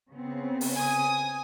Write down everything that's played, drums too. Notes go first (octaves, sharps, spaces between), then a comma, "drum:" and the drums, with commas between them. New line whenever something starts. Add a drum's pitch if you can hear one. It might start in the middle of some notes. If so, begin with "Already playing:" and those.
C#3 B3 C4
drum: open hi-hat
G#5 D#6